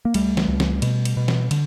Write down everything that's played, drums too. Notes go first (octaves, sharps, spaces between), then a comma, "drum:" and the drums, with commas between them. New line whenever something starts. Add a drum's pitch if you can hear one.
A#3
C#2 G3 A3, drum: cymbal
drum: snare
C#2
drum: snare
B2, drum: cymbal
drum: cymbal
B2
drum: snare
D3, drum: cymbal